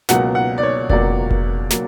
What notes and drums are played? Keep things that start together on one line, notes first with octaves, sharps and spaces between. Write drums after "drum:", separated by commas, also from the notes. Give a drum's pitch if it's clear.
C#2 B2 F#3 A#3 F#5, drum: snare
F#5
D5
C#5
C#2 B2 F#3 A#3 D5, drum: kick F1
drum: kick F1
F#3 A#3, drum: snare